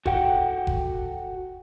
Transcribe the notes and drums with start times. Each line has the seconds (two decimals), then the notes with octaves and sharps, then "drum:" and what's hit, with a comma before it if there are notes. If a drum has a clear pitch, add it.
0.06 F#4 A4 F#5 G5, drum: kick F1
0.67 drum: kick F1